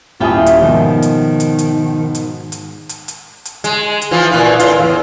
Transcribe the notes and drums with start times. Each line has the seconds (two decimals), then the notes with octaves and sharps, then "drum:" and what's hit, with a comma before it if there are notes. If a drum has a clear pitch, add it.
0.21 D#1 C#4 E4 F4 G4 G#5 D#6
0.46 drum: hi-hat
0.61 G#2 B2 D#3 F3
1.02 drum: hi-hat
1.40 drum: hi-hat
1.58 drum: hi-hat
2.15 drum: hi-hat
2.52 drum: hi-hat
2.89 drum: hi-hat
3.08 drum: hi-hat
3.45 drum: hi-hat
3.64 G#3, drum: hi-hat
4.01 drum: hi-hat
4.11 E3 F3 F4
4.31 A#2 E3 B4
4.59 A2 F4, drum: hi-hat
4.78 E2